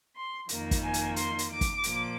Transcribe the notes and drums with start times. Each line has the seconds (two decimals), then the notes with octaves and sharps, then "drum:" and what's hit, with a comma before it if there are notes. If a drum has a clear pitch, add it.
0.16 C6
0.49 F2 D#3 A#3, drum: hi-hat
0.71 drum: kick, hi-hat
0.83 G#5
0.94 drum: hi-hat
1.16 C6, drum: hi-hat
1.39 drum: hi-hat
1.50 D6
1.61 drum: kick, hi-hat
1.83 A#2 F3 A#3, drum: hi-hat